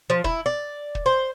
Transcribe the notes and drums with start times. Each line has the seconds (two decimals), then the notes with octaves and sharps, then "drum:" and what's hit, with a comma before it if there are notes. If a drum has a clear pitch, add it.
0.10 F3
0.24 E4, drum: kick
0.46 D5
0.95 drum: kick
1.06 C5